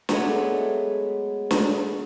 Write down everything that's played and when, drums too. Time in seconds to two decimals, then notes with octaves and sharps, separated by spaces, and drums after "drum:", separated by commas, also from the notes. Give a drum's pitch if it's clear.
0.09 F#3 G#3 A3 B3 D5, drum: snare
1.51 drum: snare